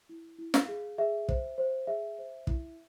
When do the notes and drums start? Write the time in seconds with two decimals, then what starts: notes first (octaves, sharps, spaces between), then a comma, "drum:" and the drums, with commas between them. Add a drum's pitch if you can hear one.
0.09 E4
0.38 E4
0.54 F5, drum: snare
0.68 G#4
0.98 G#4 E5
1.29 C5, drum: kick
1.58 C5
1.87 G#4 E5
2.18 C5
2.47 E4, drum: kick